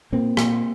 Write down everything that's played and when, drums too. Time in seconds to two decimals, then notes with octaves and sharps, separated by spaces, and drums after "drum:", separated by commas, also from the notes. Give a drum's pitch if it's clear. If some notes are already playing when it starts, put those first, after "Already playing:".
0.12 A#2 A#3 C4
0.37 A#2, drum: rim click